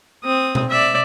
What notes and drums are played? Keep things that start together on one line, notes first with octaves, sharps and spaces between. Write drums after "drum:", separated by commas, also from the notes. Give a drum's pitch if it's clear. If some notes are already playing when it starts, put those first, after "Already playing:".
C4 D#6
drum: tom B2
D5 E5